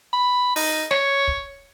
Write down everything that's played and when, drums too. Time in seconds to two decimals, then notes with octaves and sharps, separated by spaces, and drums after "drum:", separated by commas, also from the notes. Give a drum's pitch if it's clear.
0.13 B5
0.56 D#4, drum: open hi-hat
0.91 C#5, drum: snare
1.28 drum: kick